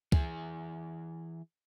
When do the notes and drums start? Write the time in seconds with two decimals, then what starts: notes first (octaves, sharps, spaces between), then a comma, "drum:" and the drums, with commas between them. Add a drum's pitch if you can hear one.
0.12 E3 G#4, drum: kick